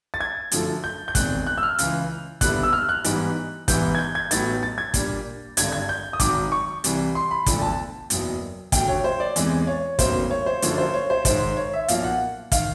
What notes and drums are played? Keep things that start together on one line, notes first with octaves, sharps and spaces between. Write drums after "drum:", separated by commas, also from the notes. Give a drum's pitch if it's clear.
A6
G#6
F#2 D3 F3 A3, drum: hi-hat
G6
G6
E1 D#2 D#3 G#3 C4 F#6, drum: kick, hi-hat
F#6
E6
F6
C#2 C#3 E3, drum: hi-hat
D#2 D3 G3 B3 E4 F#6, drum: kick, hi-hat
E6
F6
F#6
G#2 E3 G3 B3 D#4, drum: hi-hat
G#2 E3 G3 B3 E4 G6, drum: kick, hi-hat
G#6
G6
G#6
A1 A2 F#3 B3 D#4 A6, drum: hi-hat
A6
G#6
A#2 G3 A#3 D4, drum: kick, hi-hat
G#1 G2 D3 G#6, drum: hi-hat
G#6
G6
D#6
G#1 G#2 D#3 F#3 D6, drum: kick, hi-hat
C#6
C2 C3 E3 G3, drum: hi-hat
C6
B5
E1 D2 D3 F3, drum: kick, hi-hat
A5
F#1 E2 B2 F#3, drum: hi-hat
D#2 D3 F#3 G5, drum: kick, hi-hat
C#5
C5
D5
E2 C3 E3 G#3 C4, drum: hi-hat
C#5
F1 E2 C#3 F#3 A#3 C5, drum: kick, hi-hat
C#5
C5
F#2 D3 F3 A#3 D4 C#5, drum: hi-hat
C5
C#5
C5
G#2 D#3 G#3 C5, drum: kick, hi-hat
C#5
E5
B1 A#2 F3 A#3 F5, drum: hi-hat
F#5
D#3 F5, drum: kick, hi-hat